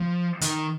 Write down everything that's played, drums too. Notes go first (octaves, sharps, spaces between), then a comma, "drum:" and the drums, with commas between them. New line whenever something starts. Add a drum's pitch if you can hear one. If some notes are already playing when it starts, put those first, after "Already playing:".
Already playing: F3
D#3, drum: hi-hat